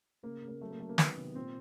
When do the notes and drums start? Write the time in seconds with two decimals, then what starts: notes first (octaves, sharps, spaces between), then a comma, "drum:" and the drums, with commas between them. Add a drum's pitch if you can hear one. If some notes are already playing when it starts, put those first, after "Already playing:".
0.23 C#3 A#3
0.42 C#3
0.49 A#3
0.61 F#3 A3
0.71 A#3
0.79 F#3 A3
0.89 A#3
0.98 D#3 B3, drum: snare
1.17 C3
1.35 A#2 C4